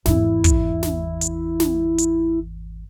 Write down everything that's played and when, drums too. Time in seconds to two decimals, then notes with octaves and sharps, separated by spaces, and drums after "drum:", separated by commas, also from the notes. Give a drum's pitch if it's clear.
0.06 G#1 E2 E4, drum: snare
0.44 drum: kick, hi-hat
0.83 drum: snare
1.21 drum: hi-hat
1.60 drum: snare
1.98 drum: hi-hat